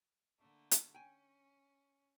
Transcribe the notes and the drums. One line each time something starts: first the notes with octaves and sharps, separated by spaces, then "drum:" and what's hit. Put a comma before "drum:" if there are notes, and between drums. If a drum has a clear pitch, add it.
D3 A3 A#3
drum: hi-hat
C#4 G5 G#5